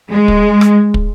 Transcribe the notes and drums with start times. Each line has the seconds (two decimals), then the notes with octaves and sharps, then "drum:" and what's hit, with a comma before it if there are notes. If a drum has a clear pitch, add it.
0.12 G#3
0.28 drum: kick
0.61 drum: rim click
0.94 drum: kick